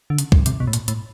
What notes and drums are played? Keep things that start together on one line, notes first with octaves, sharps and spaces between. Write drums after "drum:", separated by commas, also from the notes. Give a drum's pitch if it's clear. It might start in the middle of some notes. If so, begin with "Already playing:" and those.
D3
C#3, drum: hi-hat
drum: kick C2
C3, drum: hi-hat
B2
A2
A#2, drum: hi-hat
A2, drum: hi-hat